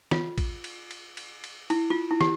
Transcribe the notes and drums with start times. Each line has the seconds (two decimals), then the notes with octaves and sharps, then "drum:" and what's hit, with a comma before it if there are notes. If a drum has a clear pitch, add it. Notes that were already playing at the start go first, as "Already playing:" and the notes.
0.11 F4, drum: snare
0.38 drum: kick, cymbal
0.64 drum: cymbal
0.91 drum: cymbal
1.17 drum: cymbal
1.44 drum: cymbal
1.70 E4, drum: cymbal
1.90 F4
2.11 E4
2.21 G4, drum: snare